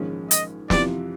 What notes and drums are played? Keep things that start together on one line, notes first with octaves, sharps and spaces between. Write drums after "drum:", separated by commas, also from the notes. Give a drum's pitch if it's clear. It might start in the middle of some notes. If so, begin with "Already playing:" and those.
Already playing: A#1 G#2 D#3 G#3 C#4
D#5, drum: hi-hat
F2 C3 E3 D5, drum: snare